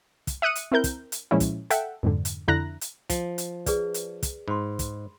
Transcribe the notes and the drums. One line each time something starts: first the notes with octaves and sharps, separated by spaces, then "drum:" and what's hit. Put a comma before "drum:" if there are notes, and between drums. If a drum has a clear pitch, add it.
drum: kick, hi-hat
E5 D#6 F#6 C#7 D#7
drum: hi-hat
C4 E4 A#4 G6
drum: kick, hi-hat
drum: hi-hat
A#2 F3 G#3 C#4 E4
drum: kick, hi-hat
A4 E5 F#5 G5, drum: hi-hat
F2 G#2 D3
drum: hi-hat
F2 D3 E4 A#5 F#6 A#6
drum: hi-hat
F3, drum: kick, hi-hat
drum: hi-hat
G#4 B4 D5, drum: kick, hi-hat
drum: hi-hat
drum: kick, hi-hat
G#2 B5 C6
drum: kick, hi-hat